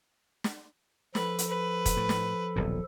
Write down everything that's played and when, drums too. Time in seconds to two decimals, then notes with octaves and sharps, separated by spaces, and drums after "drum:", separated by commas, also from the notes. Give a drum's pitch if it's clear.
0.44 drum: snare
1.15 F3 A4 B4, drum: snare
1.38 drum: hi-hat
1.49 B4
1.86 drum: kick, hi-hat
1.97 A2
2.09 drum: snare
2.56 D#1 B1 A#2